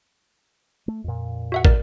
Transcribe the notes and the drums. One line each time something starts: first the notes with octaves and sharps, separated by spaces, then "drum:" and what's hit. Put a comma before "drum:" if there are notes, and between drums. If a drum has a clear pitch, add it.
A3
F2 A#2
F#4 E5 F#5
A#4 D5, drum: kick